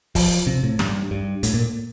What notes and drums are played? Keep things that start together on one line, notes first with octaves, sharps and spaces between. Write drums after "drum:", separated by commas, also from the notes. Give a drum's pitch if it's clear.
F3, drum: kick, open hi-hat
C3
A2
G2, drum: snare
G2
A2, drum: hi-hat
A#2